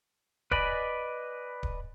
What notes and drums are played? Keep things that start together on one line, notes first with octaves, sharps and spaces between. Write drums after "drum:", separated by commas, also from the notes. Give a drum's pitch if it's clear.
B4 D5 D#5 G#5 B5, drum: kick D1
drum: kick D1